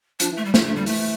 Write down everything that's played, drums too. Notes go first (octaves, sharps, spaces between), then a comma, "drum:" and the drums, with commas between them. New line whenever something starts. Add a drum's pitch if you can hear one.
F3 D4, drum: hi-hat
E3
A3
G3
D3 A3, drum: snare
A3
D3
G3
E3 A3, drum: open hi-hat